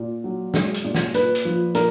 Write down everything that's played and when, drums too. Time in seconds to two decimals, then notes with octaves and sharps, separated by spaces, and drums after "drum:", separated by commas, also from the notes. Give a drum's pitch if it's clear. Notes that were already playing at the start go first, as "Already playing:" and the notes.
Already playing: A#2
0.24 F#3
0.54 G#3, drum: snare
0.74 drum: hi-hat
0.84 A#2
0.94 drum: snare
1.14 A#2 B4, drum: hi-hat
1.35 drum: hi-hat
1.45 F3
1.75 A#2 A#4, drum: hi-hat